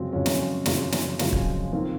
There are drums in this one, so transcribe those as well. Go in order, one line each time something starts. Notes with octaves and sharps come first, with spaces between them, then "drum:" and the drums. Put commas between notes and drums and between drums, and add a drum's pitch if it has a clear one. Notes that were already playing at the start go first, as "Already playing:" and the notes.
Already playing: F#2 C#3 F3 G#3 C4 C#4
F#2 C#3 F3 G#3 C#4
drum: snare
F#2 C#3 F3 G#3, drum: snare
drum: snare
F#2 C#3 F3 G#3, drum: snare
drum: kick
D#3 A#3 C4